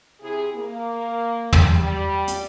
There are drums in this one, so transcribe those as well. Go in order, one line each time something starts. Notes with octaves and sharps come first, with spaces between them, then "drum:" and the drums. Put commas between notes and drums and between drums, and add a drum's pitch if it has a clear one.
C3 E4 G#4
A#3
drum: tom
G3
drum: hi-hat